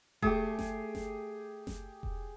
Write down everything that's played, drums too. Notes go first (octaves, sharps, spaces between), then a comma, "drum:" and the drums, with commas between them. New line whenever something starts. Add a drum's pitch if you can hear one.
A3 G4 G#4, drum: kick E1
drum: snare F#1
drum: snare F#1
drum: snare F#1
drum: kick E1